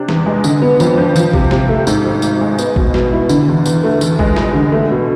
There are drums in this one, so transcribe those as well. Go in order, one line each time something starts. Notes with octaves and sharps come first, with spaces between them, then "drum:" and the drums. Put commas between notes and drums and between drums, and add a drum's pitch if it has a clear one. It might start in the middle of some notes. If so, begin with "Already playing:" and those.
Already playing: C3 D4
E2, drum: snare
G#3
D3, drum: tambourine
B3
F2, drum: tambourine
F3
F3, drum: tambourine
C3, drum: kick
C3, drum: snare
A3
G#2, drum: tambourine
G#1
G#1, drum: tambourine
G#3
B3, drum: tambourine
B2, drum: kick
B2, drum: snare
E4
D3, drum: tambourine
E2
E2, drum: tambourine
A3
E2, drum: tambourine
G#3, drum: kick
F1, drum: snare
D3
A3
B2